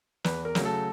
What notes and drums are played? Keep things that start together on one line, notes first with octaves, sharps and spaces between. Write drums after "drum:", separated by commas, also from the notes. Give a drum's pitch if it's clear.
E2 B4, drum: snare
A#4
C#3 F#3 A3, drum: snare
A4